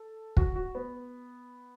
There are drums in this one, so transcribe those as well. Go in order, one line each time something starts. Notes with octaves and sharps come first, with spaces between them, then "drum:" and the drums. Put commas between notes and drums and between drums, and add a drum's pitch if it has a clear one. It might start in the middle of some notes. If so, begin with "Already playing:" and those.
Already playing: A4
F#4, drum: kick
F#4
B3